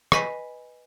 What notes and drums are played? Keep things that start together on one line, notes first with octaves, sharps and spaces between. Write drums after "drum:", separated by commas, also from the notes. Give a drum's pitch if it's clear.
B4 D#5 G#5 B5 B6 C7, drum: rim click